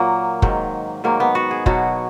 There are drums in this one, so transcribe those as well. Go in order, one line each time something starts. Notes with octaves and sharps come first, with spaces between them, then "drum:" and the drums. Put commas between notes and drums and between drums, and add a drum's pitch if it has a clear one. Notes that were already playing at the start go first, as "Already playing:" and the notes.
Already playing: A#2 F#3 A#3
G#2 D#3 F#3, drum: kick
G#2 D#3 F#3 A#3
B3
F#4
G#4
B2 F#3 F#4, drum: kick